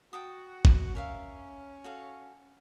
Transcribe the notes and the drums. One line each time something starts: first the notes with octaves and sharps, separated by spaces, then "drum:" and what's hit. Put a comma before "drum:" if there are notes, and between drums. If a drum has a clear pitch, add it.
F#4 G5 A5 D#6
drum: kick
C#4 A#4 E5 F5
F#4 A4 F5